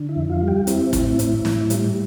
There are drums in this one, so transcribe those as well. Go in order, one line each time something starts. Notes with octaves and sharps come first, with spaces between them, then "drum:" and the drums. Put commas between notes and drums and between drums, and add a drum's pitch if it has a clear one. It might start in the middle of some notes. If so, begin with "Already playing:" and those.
Already playing: D3
E4
F2
F4
G3 F4
G4
C4 E4, drum: hi-hat
A2, drum: kick, hi-hat
A2, drum: hi-hat
A2, drum: snare
G3, drum: hi-hat